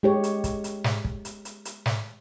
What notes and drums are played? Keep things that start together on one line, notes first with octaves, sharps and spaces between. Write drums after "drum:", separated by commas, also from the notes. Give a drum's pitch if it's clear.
G#3 G4 C#5
drum: hi-hat
drum: kick, hi-hat
drum: hi-hat
drum: snare
drum: kick
drum: hi-hat
drum: hi-hat
drum: hi-hat
drum: snare